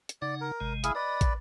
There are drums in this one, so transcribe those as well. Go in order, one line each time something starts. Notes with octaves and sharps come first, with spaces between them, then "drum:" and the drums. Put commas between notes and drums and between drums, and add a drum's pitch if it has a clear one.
drum: hi-hat
C#3 D#4 D5 F#5
A#4
G#1 C3 G#3
E4 G#4 F5, drum: hi-hat
B4 D5 D#5
drum: kick, hi-hat